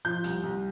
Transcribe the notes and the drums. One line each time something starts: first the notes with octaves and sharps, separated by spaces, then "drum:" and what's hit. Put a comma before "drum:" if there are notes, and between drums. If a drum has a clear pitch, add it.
F3 G6
C2, drum: tambourine
C2